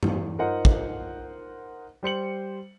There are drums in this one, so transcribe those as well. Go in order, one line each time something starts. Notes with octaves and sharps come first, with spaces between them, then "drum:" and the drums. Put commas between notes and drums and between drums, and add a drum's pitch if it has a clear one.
E2, drum: tom G2
D#4 F4 A#4 C5 D#5 F#5
drum: kick
G3 C5 C#7 F#7